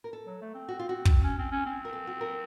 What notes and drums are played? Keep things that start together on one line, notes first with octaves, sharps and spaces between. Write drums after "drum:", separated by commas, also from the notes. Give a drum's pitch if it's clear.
A#4
A4
F#3
A3
C4
F#4
F4
F#4
drum: kick
C#4
C4
C#4
C4
A#4
A4
F#4
A#4